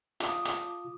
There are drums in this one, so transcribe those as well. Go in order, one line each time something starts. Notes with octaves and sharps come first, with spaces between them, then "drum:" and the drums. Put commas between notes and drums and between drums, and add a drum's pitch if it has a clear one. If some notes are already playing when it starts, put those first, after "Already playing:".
F4 A5 D6 D#6, drum: hi-hat
drum: hi-hat